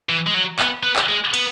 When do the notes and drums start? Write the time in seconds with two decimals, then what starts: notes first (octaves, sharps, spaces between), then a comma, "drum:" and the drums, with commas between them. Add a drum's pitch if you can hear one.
0.09 E3
0.27 G#3
0.34 F#3
0.59 B3, drum: clap
0.83 B3
0.96 drum: clap
1.09 G#3
1.34 B3, drum: cymbal